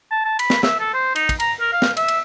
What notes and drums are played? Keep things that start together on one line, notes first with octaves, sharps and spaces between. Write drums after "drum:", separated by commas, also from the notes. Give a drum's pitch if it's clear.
A5
A5
B5, drum: cymbal
drum: snare
E5, drum: snare
A4
C5
D#4, drum: cymbal
drum: kick, cymbal
A#5, drum: cymbal
A#4
F5
drum: snare
E5, drum: cymbal
drum: cymbal